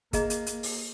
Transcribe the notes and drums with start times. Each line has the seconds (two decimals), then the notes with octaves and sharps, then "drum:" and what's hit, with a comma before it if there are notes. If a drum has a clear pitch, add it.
0.13 A#3 G#4 D#5 A#5, drum: kick G1, hi-hat
0.30 drum: hi-hat
0.46 drum: hi-hat
0.63 drum: open hi-hat